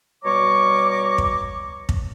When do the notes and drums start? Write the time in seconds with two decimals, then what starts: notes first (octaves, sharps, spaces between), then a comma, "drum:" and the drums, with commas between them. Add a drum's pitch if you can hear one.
0.24 B2 G3 C#5 A#5 C#6 D6
1.18 drum: kick
1.89 drum: kick